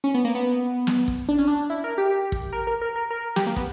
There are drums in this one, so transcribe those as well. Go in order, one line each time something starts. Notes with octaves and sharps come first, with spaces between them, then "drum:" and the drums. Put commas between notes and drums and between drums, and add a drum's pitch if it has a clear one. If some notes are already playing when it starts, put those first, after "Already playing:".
C#4
B3
A#3
B3
drum: snare
drum: kick
D4
C#4
D4
E4
A#4
G4
drum: kick
A#4
A#4
A#4
A#4
A#4
G4, drum: snare
A#3
B3, drum: kick